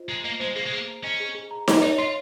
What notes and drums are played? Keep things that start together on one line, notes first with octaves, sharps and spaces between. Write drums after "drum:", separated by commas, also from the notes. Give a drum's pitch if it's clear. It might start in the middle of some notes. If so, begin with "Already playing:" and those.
Already playing: F4 C5 D#5
G#3 A#5
A#3 D#5
G#3 C5
A#3 G#4
G#3
A#3 G#4
A#5
C#4 D#5
G#4
G#4
A#5
D#5, drum: snare D#4
D#4 C#5
F4 C6